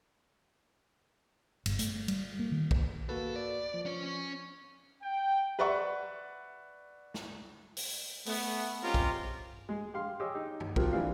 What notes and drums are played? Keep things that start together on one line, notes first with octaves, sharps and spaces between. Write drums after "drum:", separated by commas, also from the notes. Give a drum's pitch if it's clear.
G1, drum: cymbal
A3, drum: hi-hat
G3, drum: cymbal
A#3
D#3
drum: kick A#1
A#3 F#4 A4 B4
D5
F3
C#4 C#5
G5
B4 D5 E5 F#5 C#6
drum: snare
drum: open hi-hat
A3 B3, drum: open hi-hat
G#3 C4 C#4 F4 G4 A#4
drum: kick A#1
G#3
G4 F5 C6
G4 G#4 C#5 D#5 D6 E6
D#4
drum: tom G2
C3 F3 F#3 F4 G4 A#4, drum: kick A#1
E3 G3 A3 D4 F5